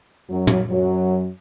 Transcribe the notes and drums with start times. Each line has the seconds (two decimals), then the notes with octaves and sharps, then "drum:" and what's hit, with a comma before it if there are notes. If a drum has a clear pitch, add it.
0.30 F#2 F#3
0.47 drum: tom
0.70 F#2 F#3